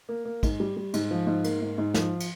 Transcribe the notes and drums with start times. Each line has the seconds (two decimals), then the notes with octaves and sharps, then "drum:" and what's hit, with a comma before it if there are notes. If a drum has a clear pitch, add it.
0.09 A#3
0.25 A#3
0.43 G#2, drum: kick, cymbal
0.60 G3
0.77 G3
0.94 G#2, drum: cymbal
1.11 F3
1.27 G#2
1.44 A#3, drum: cymbal
1.61 G#2
1.78 G#2
1.94 F3, drum: snare
2.20 drum: cymbal